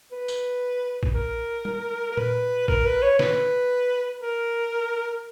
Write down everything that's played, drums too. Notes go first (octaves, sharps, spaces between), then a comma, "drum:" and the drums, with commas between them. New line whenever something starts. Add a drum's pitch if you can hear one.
B4
drum: tambourine
drum: kick
A#4
drum: tom G3
A#4
B4, drum: tom A#2
A#4, drum: kick
B4
C#5
B4, drum: snare
A#4